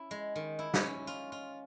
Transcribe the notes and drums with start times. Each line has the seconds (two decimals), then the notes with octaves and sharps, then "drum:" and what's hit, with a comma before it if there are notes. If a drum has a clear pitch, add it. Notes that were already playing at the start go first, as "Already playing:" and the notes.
Already playing: C#4 E4
0.11 G#3
0.35 D#3
0.59 E4
0.74 drum: snare
0.83 C#4
1.07 F4
1.32 F4